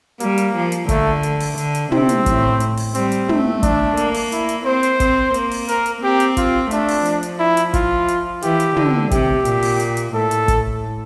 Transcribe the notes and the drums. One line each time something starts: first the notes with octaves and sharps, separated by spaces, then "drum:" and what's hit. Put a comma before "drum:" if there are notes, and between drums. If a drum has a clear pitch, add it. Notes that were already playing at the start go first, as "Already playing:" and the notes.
G3 A#3, drum: hi-hat
drum: hi-hat
F3
drum: hi-hat
D3 A3, drum: kick, hi-hat
drum: hi-hat
drum: open hi-hat
D3, drum: hi-hat
drum: hi-hat
C3 C4, drum: tom
drum: hi-hat
A2, drum: kick, hi-hat
drum: hi-hat
drum: open hi-hat
G3 C4, drum: hi-hat
drum: hi-hat
A3, drum: tom
D4, drum: kick, hi-hat
A#3, drum: hi-hat
drum: open hi-hat
E4, drum: hi-hat
drum: hi-hat
C4 C5
drum: hi-hat
C4, drum: kick, hi-hat
A#3, drum: hi-hat
drum: open hi-hat
A#4, drum: hi-hat
drum: hi-hat
C4 G4
drum: hi-hat
F4, drum: kick, hi-hat
A3 D4, drum: hi-hat
drum: open hi-hat
F3, drum: hi-hat
drum: hi-hat
E4
drum: hi-hat
F4, drum: kick, hi-hat
drum: hi-hat
E3 G4, drum: hi-hat
drum: hi-hat
D3, drum: tom
C3 G4, drum: kick, hi-hat
A#2, drum: hi-hat
drum: open hi-hat
drum: hi-hat
drum: hi-hat
A2 A4
drum: hi-hat
drum: kick, hi-hat